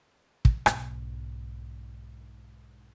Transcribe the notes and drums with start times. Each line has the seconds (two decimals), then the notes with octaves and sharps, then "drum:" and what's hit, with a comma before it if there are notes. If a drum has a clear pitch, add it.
0.45 drum: kick
0.66 B1 G#2, drum: rim click